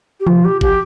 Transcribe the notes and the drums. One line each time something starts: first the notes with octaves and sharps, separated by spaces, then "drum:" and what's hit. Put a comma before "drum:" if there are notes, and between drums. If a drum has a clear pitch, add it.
G4
F3 F4, drum: tom
G4
G4, drum: kick